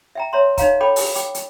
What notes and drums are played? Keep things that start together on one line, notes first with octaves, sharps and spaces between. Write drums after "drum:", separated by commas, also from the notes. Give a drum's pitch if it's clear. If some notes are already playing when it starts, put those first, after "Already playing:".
E5 G5 A#5
C#5 E5 A#5 C6
D#4 C#5 F5 A#5, drum: kick, hi-hat
A4 C#5 G5 B5 D6
drum: open hi-hat
G5 D6, drum: hi-hat
drum: hi-hat